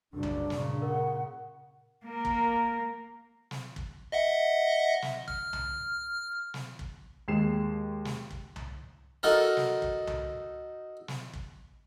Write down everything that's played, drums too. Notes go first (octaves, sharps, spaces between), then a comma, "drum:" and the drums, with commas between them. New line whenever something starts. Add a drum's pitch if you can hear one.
F#1 G3 D4
drum: tom C2
A#2 C#3, drum: snare
A#4 F#5
A#3 A#4
drum: kick
drum: snare
drum: kick
D#5 E5 F#5
drum: snare
F6, drum: kick
drum: tom C2
drum: snare
drum: kick
D#2 G#3 C7 E7
drum: snare
drum: kick
drum: tom C2
D#4 F#4 A4 A#4
drum: snare
drum: kick
drum: tom C2
drum: snare
drum: kick